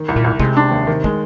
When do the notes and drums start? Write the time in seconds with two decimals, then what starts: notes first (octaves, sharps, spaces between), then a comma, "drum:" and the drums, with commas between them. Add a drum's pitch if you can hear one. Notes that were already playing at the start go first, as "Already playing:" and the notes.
Already playing: D#3
0.08 C2
0.16 A#2
0.24 C2
0.40 C3 G#3, drum: kick
0.57 D4
0.71 D#2
0.87 D#3
1.04 G#3, drum: kick